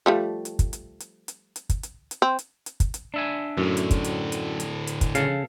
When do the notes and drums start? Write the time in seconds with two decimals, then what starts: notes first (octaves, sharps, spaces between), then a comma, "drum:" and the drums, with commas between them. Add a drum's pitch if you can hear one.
0.06 F3 G3 A3
0.45 drum: hi-hat
0.59 drum: kick, hi-hat
0.73 drum: hi-hat
1.00 drum: hi-hat
1.28 drum: hi-hat
1.56 drum: hi-hat
1.69 drum: kick, hi-hat
1.83 drum: hi-hat
2.11 drum: hi-hat
2.22 C4
2.39 drum: hi-hat
2.66 drum: hi-hat
2.80 drum: kick, hi-hat
2.94 drum: hi-hat
3.14 D4 E5 G#5
3.57 F#2 A2 D3
3.77 drum: hi-hat
3.91 drum: kick, hi-hat
4.04 drum: hi-hat
4.32 drum: hi-hat
4.60 drum: hi-hat
4.87 drum: hi-hat
5.01 drum: kick, hi-hat
5.15 C#3 A4 F5, drum: hi-hat